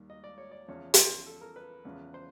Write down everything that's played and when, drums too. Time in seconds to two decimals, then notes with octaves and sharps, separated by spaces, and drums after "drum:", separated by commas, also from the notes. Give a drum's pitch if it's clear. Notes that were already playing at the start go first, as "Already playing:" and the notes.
Already playing: D#2 D#3 G3
0.10 D#5
0.24 D5
0.38 C#5
0.51 D5
0.68 E2 C#3 F3 C#5
0.94 drum: hi-hat
1.26 A4
1.41 A#4
1.56 B4
1.85 E2 C#3 F3
2.14 C5